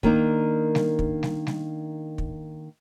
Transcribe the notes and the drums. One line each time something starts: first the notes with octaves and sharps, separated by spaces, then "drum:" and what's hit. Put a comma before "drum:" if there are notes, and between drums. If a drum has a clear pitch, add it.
D#3 A#3 D4 D#4, drum: kick
drum: snare G3
drum: kick
drum: snare G3
drum: snare G3
drum: kick